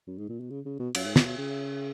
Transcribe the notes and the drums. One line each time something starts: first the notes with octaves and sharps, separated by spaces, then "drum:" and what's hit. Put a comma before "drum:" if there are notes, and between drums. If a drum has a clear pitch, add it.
F#2
G#2
A#2
B2
C#3
C#3
B2
F#2, drum: cymbal
G#2
A#2, drum: snare
B2
C#3